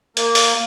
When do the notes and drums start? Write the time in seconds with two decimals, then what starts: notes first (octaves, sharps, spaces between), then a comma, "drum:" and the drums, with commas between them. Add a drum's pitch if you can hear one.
0.17 A#3, drum: hi-hat
0.35 drum: open hi-hat